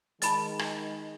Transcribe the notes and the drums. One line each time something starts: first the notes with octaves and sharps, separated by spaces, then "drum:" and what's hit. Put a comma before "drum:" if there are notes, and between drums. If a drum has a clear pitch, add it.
D#3 G#3 A5 B5 A6, drum: hi-hat
drum: rim click